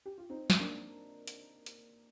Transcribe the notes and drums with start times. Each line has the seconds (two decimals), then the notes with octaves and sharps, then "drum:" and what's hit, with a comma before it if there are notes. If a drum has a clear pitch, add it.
0.06 G4
0.18 F4
0.30 C4 D#4
0.50 drum: snare
0.60 A#3 D4
1.28 drum: hi-hat
1.66 drum: hi-hat